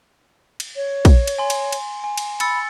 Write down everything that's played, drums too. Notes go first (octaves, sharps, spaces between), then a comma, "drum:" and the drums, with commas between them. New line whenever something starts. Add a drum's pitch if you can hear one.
drum: cymbal
C#5
drum: kick, cymbal
drum: cymbal
G#5 C6
drum: cymbal
drum: cymbal
G#5
drum: cymbal
B5 E6 A6 C#7, drum: cymbal